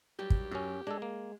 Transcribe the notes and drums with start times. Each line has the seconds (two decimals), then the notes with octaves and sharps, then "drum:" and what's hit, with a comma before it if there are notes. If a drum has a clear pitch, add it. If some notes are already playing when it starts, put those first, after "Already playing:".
0.19 F#3 G3 G4
0.30 drum: kick
0.52 F#2 F#3 C#4
0.87 G#3 D4 A4
1.02 A#3